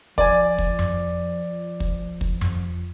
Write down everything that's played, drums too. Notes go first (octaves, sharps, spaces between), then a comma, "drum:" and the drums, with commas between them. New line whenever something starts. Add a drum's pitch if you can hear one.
F3 D5 G#5, drum: kick
drum: kick
drum: tom F2
drum: kick
drum: kick
drum: tom F2